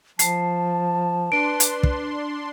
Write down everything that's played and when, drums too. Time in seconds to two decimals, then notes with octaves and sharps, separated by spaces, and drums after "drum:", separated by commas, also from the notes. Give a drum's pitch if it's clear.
0.19 F3 A5 C7, drum: hi-hat
1.32 D4 B4 C6 D7
1.60 drum: hi-hat
1.83 drum: kick